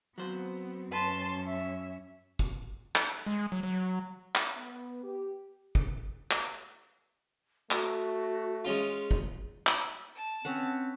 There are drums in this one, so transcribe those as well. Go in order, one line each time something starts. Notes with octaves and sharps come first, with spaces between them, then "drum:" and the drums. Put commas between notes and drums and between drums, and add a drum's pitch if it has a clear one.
F#3 B3 C4 C5
F#2 C#4 B4 A5 C6
E5
drum: kick
drum: clap
G#3
F#3
F#3
drum: clap
B3
G4
drum: kick
drum: clap
A3 F#4, drum: clap
G#3 C#4 F4
drum: kick
drum: clap
A5
C4 C#4 B4 F#5